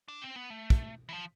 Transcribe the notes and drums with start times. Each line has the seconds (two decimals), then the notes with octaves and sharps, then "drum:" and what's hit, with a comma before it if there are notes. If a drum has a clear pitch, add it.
0.08 D4
0.22 C4
0.36 B3
0.50 A3
0.70 drum: kick
1.09 E3
1.13 F3